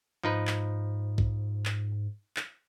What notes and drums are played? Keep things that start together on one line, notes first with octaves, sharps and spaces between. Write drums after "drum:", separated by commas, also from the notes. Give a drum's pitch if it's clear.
G#2 F3 D#4 B4
drum: clap
drum: kick A#1
drum: clap
drum: clap